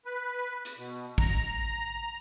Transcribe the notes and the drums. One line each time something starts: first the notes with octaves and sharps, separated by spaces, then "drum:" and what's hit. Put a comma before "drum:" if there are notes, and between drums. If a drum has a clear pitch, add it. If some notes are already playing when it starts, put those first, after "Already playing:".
B4
drum: hi-hat
B2
A#5, drum: kick